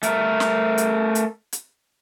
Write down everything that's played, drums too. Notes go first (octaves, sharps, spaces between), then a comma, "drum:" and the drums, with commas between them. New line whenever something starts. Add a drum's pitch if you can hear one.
A3 A#4, drum: hi-hat
drum: snare
drum: hi-hat
drum: hi-hat
drum: hi-hat